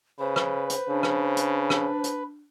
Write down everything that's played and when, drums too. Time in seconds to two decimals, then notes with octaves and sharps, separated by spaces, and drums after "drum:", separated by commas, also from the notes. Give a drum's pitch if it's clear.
0.19 C#3 B4 C5
0.36 drum: rim click
0.70 drum: hi-hat
0.89 C#3 D4
1.03 drum: rim click
1.37 drum: hi-hat
1.70 drum: rim click
2.04 drum: hi-hat